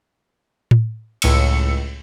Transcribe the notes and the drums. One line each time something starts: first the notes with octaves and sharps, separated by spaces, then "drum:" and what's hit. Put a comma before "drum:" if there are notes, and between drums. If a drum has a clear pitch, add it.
drum: tom A2
C#2 A2 E6 C#7, drum: cymbal